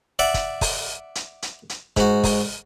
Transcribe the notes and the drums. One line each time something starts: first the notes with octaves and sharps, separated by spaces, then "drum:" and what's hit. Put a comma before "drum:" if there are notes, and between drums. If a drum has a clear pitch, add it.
D5 E5 F#5
drum: kick, hi-hat
drum: kick, open hi-hat
drum: hi-hat
drum: hi-hat
drum: hi-hat
G#2 F#4, drum: kick, hi-hat
drum: kick, open hi-hat